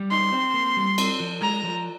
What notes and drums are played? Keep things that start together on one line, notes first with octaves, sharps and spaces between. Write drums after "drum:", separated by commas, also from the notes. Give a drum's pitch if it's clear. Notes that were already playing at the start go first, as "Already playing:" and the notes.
Already playing: G3
D#4 C6
C4
A#3
G3
C4, drum: cymbal
F3
G#3 A#5
F3